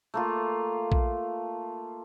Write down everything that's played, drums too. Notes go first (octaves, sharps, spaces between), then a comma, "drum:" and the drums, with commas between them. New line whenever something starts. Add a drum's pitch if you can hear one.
A3 A#3 F4
drum: kick A#1